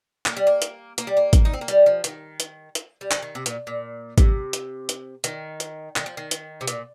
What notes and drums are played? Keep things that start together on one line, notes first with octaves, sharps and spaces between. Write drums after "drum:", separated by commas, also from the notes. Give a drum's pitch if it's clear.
A#3, drum: clap
G3
A#3
drum: hi-hat
A#3, drum: hi-hat
G3
A#3
drum: kick, hi-hat
D#4
C4
A#3
G3, drum: hi-hat
F3
D#3, drum: hi-hat
drum: hi-hat
drum: hi-hat
G3
F3, drum: clap
D#3
C3
A#2, drum: hi-hat
A#2
C3, drum: kick, hi-hat
drum: hi-hat
drum: hi-hat
D#3, drum: hi-hat
drum: hi-hat
D#3, drum: clap
F3
D#3
drum: hi-hat
C3
A#2, drum: hi-hat